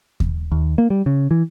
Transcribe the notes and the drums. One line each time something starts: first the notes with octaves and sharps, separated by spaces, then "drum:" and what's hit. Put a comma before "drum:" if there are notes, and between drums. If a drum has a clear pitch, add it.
drum: kick D#2
D#2
A#3
G3
C#3
E3